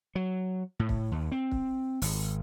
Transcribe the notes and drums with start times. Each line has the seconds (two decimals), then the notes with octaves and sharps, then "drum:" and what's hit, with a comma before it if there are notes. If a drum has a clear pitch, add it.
0.15 F#3
0.79 A2
0.89 drum: kick
1.12 D#2
1.32 C4
1.52 drum: kick
2.02 G#1, drum: open hi-hat